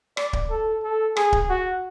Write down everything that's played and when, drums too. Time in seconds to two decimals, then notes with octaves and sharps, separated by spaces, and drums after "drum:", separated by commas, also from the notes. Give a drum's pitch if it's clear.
0.17 D5, drum: rim click
0.33 drum: kick D1
0.50 A4
0.83 A4
1.17 G#4, drum: rim click
1.32 drum: kick D1
1.50 F#4